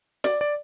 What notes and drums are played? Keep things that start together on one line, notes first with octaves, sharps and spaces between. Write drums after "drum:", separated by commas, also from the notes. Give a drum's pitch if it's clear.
D5, drum: snare
D5